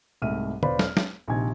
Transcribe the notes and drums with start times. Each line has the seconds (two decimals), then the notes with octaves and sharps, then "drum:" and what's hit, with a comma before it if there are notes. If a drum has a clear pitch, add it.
0.22 C2 G#2 A3 E5 F6 D#7
0.63 E1 B4 C5 D5 F5 B5, drum: tom
0.79 F6, drum: snare
0.97 drum: snare
1.28 A#1 C3 D#3 G#5 G#6